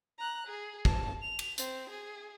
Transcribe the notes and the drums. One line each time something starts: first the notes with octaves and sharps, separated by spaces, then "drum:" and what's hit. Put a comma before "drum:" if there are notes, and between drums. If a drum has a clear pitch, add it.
A#5 F#6
G#4
A5, drum: kick
F7
drum: cymbal
C4, drum: hi-hat
G#4